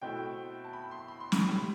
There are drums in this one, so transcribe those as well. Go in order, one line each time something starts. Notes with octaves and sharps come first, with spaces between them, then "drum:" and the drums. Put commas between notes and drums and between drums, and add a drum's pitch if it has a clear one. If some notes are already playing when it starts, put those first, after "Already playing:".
B2 A3 C4 E4 G5
A5
B5
C6
B5
C6
B5, drum: snare
C3 G3 C4 B5